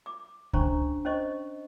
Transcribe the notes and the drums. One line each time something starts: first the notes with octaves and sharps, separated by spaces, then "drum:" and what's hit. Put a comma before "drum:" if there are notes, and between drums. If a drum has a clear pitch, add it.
D6
C#4 D4 C5 A#5 C#6, drum: kick C#2
C#4 C5 D#5 C#6